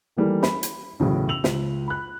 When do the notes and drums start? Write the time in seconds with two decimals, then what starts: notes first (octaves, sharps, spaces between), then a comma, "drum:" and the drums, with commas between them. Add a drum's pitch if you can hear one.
0.17 D#3 E3 G3 A3 A#3
0.43 B5, drum: snare
0.63 drum: hi-hat
1.00 B1 E2 A2 C#3
1.29 E6 F7 F#7
1.44 C#2, drum: snare
1.88 B5 F#6